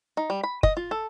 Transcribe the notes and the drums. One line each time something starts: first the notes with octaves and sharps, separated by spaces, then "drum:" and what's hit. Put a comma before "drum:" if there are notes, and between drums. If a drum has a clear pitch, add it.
D#4
G3
B5
D#5, drum: kick
F4
A4